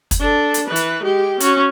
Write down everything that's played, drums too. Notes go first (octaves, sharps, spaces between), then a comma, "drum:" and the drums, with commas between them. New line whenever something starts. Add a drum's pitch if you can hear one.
drum: kick, hi-hat
D4 A4
drum: hi-hat
E3 B4
drum: hi-hat
G#3 G4
C#4 F#4, drum: hi-hat